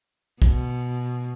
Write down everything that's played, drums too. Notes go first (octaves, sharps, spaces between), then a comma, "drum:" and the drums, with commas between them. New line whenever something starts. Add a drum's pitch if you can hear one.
B2, drum: kick